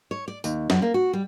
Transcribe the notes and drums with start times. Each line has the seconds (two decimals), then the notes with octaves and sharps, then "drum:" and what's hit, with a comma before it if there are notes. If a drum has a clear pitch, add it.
0.11 C#5
0.28 D5
0.44 D#2, drum: tambourine
0.70 F#2, drum: snare
0.82 A#3
0.94 F#4
1.13 G3